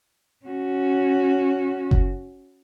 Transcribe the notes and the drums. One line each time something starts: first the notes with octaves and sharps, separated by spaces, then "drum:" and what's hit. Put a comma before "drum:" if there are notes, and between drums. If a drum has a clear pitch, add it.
C#4 F#4
drum: kick F#1